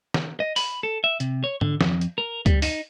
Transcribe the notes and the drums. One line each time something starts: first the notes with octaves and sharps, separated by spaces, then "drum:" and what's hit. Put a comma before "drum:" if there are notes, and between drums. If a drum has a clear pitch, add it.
drum: snare
D#5
B5, drum: open hi-hat
A4
E5
C3, drum: hi-hat
C#5
D3, drum: tom G#2
F2, drum: snare
drum: hi-hat
A#4
G3, drum: kick C#2, hi-hat
D#4, drum: open hi-hat